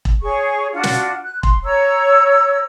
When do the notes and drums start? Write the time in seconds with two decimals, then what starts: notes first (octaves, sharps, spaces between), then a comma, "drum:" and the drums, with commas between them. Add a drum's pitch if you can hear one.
0.05 drum: kick E1
0.23 G#4 C#5 C#6
0.74 D4 F4 F#4 F#5
0.83 drum: snare
1.23 F#6
1.43 C6, drum: kick E1
1.64 C#5 A#5 E6